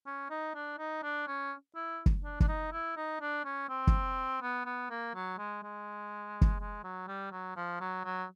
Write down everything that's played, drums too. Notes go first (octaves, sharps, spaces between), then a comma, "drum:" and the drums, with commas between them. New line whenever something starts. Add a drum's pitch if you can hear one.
C#4
D#4
D4
D#4
D4
C#4
E4
drum: kick
D4
D4, drum: kick
D#4
E4
D#4
D4
C#4
C4
drum: kick
B3
B3
A#3
F#3
G#3
G#3
drum: kick
G#3
F#3
G3
F#3
F3
F#3
F#3